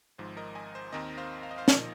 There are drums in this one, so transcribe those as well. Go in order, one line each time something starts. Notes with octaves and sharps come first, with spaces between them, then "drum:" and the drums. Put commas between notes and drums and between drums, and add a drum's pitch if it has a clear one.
G#1 G#2 F3 C5
A#4 D#5
D#5 G#5
C5
D#2 D#3 C4 A#4 D#5
C5 F5
F5
D#5
C5 F5
A#2 F3 A#3 D#4 A#4 D#5, drum: snare